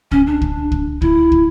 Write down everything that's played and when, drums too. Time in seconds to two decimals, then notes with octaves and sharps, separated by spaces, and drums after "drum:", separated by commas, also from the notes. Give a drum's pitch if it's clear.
0.11 C#4, drum: kick
0.27 D4
0.42 drum: kick
0.72 drum: kick
1.02 E4, drum: kick
1.32 drum: kick